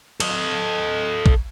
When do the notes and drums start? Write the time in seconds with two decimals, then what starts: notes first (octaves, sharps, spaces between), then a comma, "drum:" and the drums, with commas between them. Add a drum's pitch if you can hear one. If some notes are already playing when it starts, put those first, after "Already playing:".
0.20 A4 D#5, drum: cymbal
1.26 drum: kick